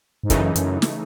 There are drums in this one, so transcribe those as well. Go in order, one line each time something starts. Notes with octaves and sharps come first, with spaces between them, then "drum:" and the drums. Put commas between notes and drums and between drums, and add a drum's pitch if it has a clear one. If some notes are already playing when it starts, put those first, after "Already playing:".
G#2
F#2 C#3 E3 A3 D#4, drum: kick, hi-hat
F#2, drum: hi-hat
drum: snare